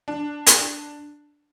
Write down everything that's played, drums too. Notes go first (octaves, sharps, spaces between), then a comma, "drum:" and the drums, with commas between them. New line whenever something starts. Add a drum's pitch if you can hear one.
D4
drum: hi-hat